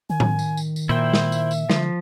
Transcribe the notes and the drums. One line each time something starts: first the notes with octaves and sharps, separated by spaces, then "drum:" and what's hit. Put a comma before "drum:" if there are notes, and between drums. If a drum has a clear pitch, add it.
D#3 G#5
drum: tom A2
drum: tambourine
drum: tambourine
drum: tambourine
A#2 E4 C5 E5 G5
drum: snare
drum: tambourine
drum: tambourine
D3 F3, drum: snare